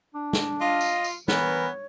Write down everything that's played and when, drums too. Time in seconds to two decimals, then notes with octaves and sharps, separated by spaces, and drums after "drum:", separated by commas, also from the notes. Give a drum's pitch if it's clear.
0.15 D4
0.33 drum: snare
0.61 F4 D#5 F5
0.81 drum: tambourine
1.04 drum: tambourine
1.28 E3 B3 A#4 C#5, drum: snare